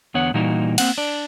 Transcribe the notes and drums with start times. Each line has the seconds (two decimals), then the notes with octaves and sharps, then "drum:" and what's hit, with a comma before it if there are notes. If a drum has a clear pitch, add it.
0.14 E2 D3 B3 C#5 F#5
0.34 A#2 E3 G3 A#3 D#4 F#4
0.78 A#3 C4 F#5, drum: cymbal
0.98 D4 D5